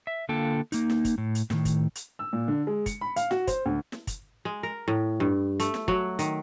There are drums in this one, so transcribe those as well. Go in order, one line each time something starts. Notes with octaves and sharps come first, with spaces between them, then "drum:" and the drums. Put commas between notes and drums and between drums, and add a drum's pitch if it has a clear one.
E5
D3 A#3 F4 A4 G5
A#3 D#4, drum: hi-hat
drum: snare
drum: kick, hi-hat
A2
drum: hi-hat
A2 D#3, drum: snare
drum: kick, hi-hat
drum: hi-hat
E6
A#2
D3
G#3
C#7, drum: kick, hi-hat
B5
F5, drum: hi-hat
F#4, drum: snare
C5, drum: kick, hi-hat
D2
drum: snare
drum: kick, hi-hat
G#3
A#4
A2
G2
A3, drum: hi-hat
drum: snare
F#3, drum: kick
D#3, drum: hi-hat